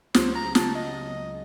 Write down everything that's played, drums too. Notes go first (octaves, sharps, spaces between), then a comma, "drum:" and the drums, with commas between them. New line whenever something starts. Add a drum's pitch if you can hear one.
C#2 C#3 F#3 C5, drum: snare
A#5
A5, drum: snare
D#5